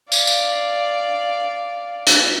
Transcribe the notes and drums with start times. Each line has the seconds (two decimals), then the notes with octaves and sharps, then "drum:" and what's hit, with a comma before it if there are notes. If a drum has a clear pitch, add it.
0.12 D5 F5, drum: tambourine
0.27 drum: tambourine
2.07 drum: hi-hat